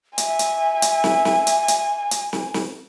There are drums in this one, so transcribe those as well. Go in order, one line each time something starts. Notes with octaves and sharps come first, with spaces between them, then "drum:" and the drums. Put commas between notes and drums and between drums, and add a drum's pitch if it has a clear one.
E5 G#5, drum: hi-hat
drum: hi-hat
drum: hi-hat
drum: snare
drum: snare
drum: hi-hat
drum: hi-hat
drum: hi-hat
drum: snare
drum: snare